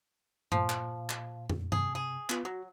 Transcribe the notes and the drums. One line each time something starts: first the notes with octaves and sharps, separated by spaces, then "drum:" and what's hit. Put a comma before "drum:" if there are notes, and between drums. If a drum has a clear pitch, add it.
A#2 F3, drum: tom G2
drum: clap
drum: clap
drum: tom
C3 G#4, drum: tom G2
G#4
B3 F4 B4, drum: clap
F#3 F#4